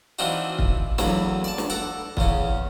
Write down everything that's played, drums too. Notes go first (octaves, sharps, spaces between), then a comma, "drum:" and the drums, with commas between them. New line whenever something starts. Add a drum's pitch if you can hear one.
E3 C4 D4 D#4 F4 F#4
drum: kick
E2 A2 E3 F#3 A#3 E4, drum: snare
D5 A5
drum: snare
A4 F#5 A#5 D6
E2 C#3 C#4, drum: kick